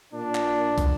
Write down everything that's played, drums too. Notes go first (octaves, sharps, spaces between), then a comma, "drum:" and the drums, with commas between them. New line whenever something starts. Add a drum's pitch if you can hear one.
A#2 D4
drum: clap
drum: kick, hi-hat